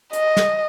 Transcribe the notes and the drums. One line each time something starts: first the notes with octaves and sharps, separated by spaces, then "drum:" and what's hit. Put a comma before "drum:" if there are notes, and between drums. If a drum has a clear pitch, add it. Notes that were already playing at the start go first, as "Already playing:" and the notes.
D#5, drum: hi-hat
drum: snare